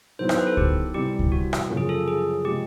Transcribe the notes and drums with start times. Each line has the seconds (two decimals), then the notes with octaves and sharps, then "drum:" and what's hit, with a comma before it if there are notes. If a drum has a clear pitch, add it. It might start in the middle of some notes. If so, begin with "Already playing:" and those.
0.19 D#3 F#3 B3 E4 C5
0.29 C5, drum: rim click
0.38 B4
0.47 A4
0.57 G4, drum: kick C#2
0.94 C3 E3 G3 C4 G4
1.19 drum: kick C#2
1.32 F#4
1.53 drum: rim click
1.70 F#2 C#3 F3 A#3
1.77 G#4
1.89 A4
2.08 G#4
2.45 C3 F3 G#3 G4